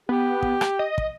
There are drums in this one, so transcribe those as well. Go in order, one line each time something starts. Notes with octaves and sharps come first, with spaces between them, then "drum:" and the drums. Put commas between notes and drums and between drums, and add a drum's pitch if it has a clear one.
B3 G4
drum: kick
drum: rim click
D#5
drum: kick